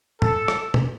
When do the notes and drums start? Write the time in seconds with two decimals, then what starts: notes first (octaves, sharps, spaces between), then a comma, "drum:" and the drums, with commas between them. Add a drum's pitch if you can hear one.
0.22 A4, drum: tom
0.48 drum: rim click
0.74 drum: tom